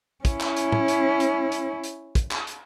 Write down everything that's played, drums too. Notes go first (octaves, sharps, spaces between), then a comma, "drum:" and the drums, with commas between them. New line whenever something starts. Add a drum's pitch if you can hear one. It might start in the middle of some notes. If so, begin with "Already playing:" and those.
C#4 E4, drum: kick, hi-hat
drum: clap
drum: hi-hat
drum: tom
drum: hi-hat
drum: hi-hat
drum: hi-hat
drum: hi-hat
drum: kick, hi-hat
drum: clap
drum: hi-hat